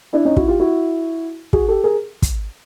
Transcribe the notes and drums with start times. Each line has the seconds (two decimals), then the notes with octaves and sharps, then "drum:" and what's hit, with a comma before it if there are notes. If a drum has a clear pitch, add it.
0.13 D4 E4
0.25 C#4 D#4
0.37 E4 F#4, drum: kick
0.48 F4 G4
0.59 E4 F#4
1.53 F#4 G#4, drum: kick
1.68 G4 A4
1.84 G#4 A#4
2.22 drum: kick, hi-hat